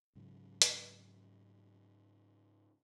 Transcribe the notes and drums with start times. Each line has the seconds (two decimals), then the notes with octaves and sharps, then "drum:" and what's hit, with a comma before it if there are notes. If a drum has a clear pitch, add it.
0.15 G#2 C#3 F#3
0.62 drum: hi-hat